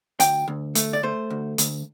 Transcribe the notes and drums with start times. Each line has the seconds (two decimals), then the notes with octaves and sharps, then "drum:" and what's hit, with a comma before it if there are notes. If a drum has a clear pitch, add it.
0.20 D2 G5, drum: hi-hat
0.48 D2
0.75 A3, drum: hi-hat
0.93 D5
1.03 A3 C5
1.30 D2
1.58 D2, drum: hi-hat